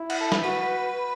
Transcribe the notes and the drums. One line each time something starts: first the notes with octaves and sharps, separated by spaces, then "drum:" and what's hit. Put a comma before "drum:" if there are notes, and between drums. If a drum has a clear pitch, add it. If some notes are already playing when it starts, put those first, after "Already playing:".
Already playing: E4
F#5, drum: cymbal
A4
B4, drum: snare
F#4 B4